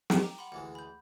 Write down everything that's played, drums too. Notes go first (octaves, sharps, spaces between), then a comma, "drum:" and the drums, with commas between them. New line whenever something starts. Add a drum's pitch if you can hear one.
drum: snare
G5 A#5 D6
F#5 B5 C6
D2 E3 G#3 F#5
B5 G6